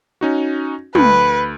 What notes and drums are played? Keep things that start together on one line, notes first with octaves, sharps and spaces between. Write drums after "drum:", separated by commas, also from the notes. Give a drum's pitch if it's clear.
C#4 D#4 F#4
D2 B4, drum: tom